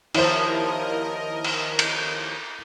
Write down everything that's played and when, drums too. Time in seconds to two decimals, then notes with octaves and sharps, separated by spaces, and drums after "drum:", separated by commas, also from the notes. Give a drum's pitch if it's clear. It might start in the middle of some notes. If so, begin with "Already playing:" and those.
0.15 D#2 F3 A#3 E4 A#4 C5 D#5, drum: cymbal
1.45 drum: cymbal
1.79 drum: cymbal